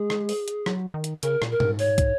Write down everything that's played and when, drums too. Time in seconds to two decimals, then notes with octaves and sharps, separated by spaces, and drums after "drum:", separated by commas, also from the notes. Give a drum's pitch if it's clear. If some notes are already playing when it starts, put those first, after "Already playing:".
Already playing: G#3 G#4
0.10 drum: rim click
0.29 drum: open hi-hat
0.48 drum: hi-hat
0.66 F#3, drum: rim click
0.94 D#3
1.04 drum: hi-hat
1.23 C#3 A#4, drum: hi-hat
1.42 A#2, drum: rim click
1.51 A#4
1.60 G#2, drum: tom A#2
1.79 C#5, drum: open hi-hat
1.98 drum: kick, hi-hat